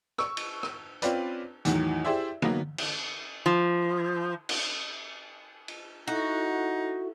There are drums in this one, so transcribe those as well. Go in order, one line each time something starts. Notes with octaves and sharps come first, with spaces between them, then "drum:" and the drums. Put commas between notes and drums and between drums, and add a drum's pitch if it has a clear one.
C#6 E6, drum: rim click
drum: cymbal
drum: rim click
C4 C#4 F4 B4 D5, drum: hi-hat
E2 A2 D#3 E3 F#3 D#4, drum: hi-hat
E4 G4 G#4 C5 D5 E5
D#3 F#3 A#3 B3, drum: tom D3
drum: cymbal
F3
drum: cymbal
drum: cymbal
D#4 E4 F#4 A4 E5